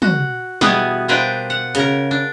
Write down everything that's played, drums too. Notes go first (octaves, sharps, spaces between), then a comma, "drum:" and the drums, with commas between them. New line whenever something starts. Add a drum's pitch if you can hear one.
F#4, drum: tom
B2 E3 G3 B3 F#4 G#4, drum: snare
B2 A#3 D4 B4 C5 G5
F#5
C#3 A#4, drum: hi-hat
D4